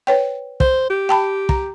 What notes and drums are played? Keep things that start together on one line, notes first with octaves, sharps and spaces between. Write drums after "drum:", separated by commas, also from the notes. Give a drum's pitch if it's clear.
B4 C#5 G5
C5, drum: kick
G4
G5 A5 B5
A#5, drum: kick